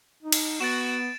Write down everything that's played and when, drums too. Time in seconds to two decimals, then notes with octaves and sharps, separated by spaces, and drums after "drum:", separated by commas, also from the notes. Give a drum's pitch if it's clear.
0.23 D#4
0.32 drum: cymbal
0.61 B3 F#4 A6 D7 E7